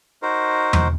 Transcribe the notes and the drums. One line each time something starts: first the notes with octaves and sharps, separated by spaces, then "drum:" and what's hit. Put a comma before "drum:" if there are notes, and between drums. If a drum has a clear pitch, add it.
D#4 F#4 A#4 C5
drum: tom E2